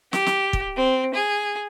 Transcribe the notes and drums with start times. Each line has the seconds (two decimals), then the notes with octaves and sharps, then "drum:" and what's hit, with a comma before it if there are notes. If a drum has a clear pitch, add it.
0.13 G4, drum: snare
0.26 drum: snare
0.53 drum: kick
0.77 C4
1.14 G#4